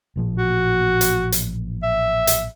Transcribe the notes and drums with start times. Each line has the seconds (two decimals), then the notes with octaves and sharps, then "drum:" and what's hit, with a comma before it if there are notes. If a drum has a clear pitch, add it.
0.16 A1 A#2 F3
0.38 F#4
1.01 drum: hi-hat
1.32 drum: hi-hat
1.83 E5
2.27 drum: hi-hat